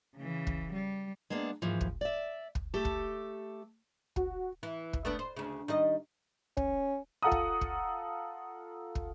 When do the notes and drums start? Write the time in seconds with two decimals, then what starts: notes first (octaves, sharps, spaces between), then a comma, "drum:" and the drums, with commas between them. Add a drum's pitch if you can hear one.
0.17 C#3 E3
0.47 drum: kick
0.73 G3
1.30 G#3 A#3 B3 D4
1.62 D#2 G#2 E3 F3
1.81 drum: kick
2.01 D5 E5
2.55 drum: kick
2.74 A3 G4 A4
2.85 drum: kick
4.16 F#4, drum: kick
4.63 E3
4.93 drum: kick
5.05 A3 B3 D4
5.19 C5
5.36 D2 C#3
5.68 D#3 G3 D#5
6.57 C#4, drum: kick
7.22 F4 A4 F#5 A#5 D#6
7.32 drum: kick
7.61 drum: kick
8.95 drum: kick